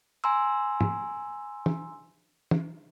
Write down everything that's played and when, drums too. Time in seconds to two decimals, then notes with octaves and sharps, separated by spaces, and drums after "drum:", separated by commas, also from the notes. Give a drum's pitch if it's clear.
0.24 G#5 A#5 C6 E6
0.81 drum: tom
1.66 drum: tom
2.51 drum: tom